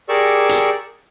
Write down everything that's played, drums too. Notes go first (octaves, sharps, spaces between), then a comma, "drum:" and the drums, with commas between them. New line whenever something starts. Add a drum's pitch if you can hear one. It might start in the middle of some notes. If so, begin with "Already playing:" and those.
G4 G#4 A#4 D5 C#6 E6
drum: hi-hat